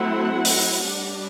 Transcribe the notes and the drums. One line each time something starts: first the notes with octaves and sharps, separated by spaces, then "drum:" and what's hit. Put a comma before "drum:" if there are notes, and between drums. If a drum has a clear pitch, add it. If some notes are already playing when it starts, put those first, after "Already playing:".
Already playing: F#3 A3 C4 E4 F#5
drum: open hi-hat
G3 D4